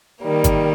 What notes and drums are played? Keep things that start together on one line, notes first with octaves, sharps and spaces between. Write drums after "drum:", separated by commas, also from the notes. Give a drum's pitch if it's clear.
D#3 G3 A#3
drum: kick, hi-hat